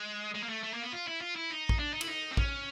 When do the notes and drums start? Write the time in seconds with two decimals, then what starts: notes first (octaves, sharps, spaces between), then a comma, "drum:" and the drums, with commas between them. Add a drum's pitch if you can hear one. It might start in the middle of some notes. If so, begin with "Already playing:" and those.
Already playing: G#3
0.34 G#3
0.43 A#3
0.49 A3
0.63 A3
0.73 A#3
0.82 B3
0.92 F4
1.07 E4
1.21 F4
1.36 E4
1.50 D#4
1.69 drum: kick
1.79 D4
1.93 D#4
2.01 E4, drum: cymbal
2.08 D#4
2.31 C4
2.37 C#4, drum: kick